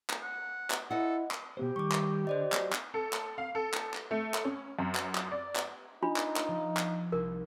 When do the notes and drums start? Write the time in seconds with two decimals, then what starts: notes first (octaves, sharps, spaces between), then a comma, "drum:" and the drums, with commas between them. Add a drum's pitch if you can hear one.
0.10 drum: clap
0.23 F#5
0.70 drum: clap
0.91 E4 A4 D#5 F#5
1.31 drum: clap
1.57 B2 B3 G4 C5
1.76 D#3 G3 C#6 D6
1.92 drum: clap
2.27 D3 C5 D5 D#5
2.52 F#3, drum: clap
2.73 drum: clap
2.94 A4
3.13 drum: clap
3.38 F5
3.55 A4
3.74 drum: clap
3.94 drum: clap
4.11 A3
4.34 drum: clap
4.45 C#4
4.79 F#2
4.95 drum: clap
5.15 drum: clap
5.32 D5
5.56 drum: clap
6.03 D4 D#4 F4 B5
6.16 drum: clap
6.37 drum: clap
6.48 F3
6.77 drum: clap
7.12 C2 D#4 E4 A#4